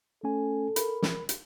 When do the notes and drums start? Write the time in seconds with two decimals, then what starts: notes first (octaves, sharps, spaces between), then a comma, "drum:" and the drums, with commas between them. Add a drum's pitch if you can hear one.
0.23 A3 C#4 A4 G#5
0.76 A#4 B5, drum: hi-hat
1.02 drum: snare
1.29 drum: hi-hat